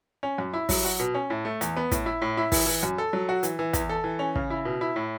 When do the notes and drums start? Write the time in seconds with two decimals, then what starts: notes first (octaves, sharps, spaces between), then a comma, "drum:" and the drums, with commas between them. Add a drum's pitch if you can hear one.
0.23 C#4
0.38 F#2
0.54 E4
0.69 F#3, drum: kick, open hi-hat
0.85 F#4
0.99 B2
1.14 C#4
1.30 A2
1.45 A3
1.61 E2, drum: hi-hat
1.76 B3
1.91 A2, drum: kick, hi-hat
2.06 E4
2.22 A2
2.37 E4
2.52 E3, drum: kick, open hi-hat
2.67 E3
2.83 F#2
2.98 A4
3.13 F#3
3.29 F#4
3.43 E3, drum: hi-hat
3.59 E3
3.73 E2, drum: kick, hi-hat
3.89 A4
4.04 E3
4.19 C#4
4.35 C#3, drum: kick
4.50 E4
4.65 B2
4.81 E4
4.96 A2